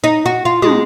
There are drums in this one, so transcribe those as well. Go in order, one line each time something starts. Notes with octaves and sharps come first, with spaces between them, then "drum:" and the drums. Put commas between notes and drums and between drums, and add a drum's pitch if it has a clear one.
D#4
F#4
F4
G#3, drum: tom